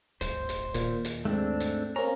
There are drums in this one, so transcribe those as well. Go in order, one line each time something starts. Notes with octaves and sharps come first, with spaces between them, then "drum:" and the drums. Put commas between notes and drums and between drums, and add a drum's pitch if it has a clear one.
D1 G1 C5, drum: hi-hat
drum: hi-hat
D#2 A#2, drum: hi-hat
drum: hi-hat
G#2 A3 C4 D4
drum: hi-hat
A#3 C4 C#4 A#5